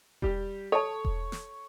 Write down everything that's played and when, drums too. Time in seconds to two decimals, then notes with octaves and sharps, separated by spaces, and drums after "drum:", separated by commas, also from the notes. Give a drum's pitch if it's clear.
0.22 G3 G4, drum: kick E1
0.72 A4 C#5 A5
1.05 drum: kick E1
1.32 drum: snare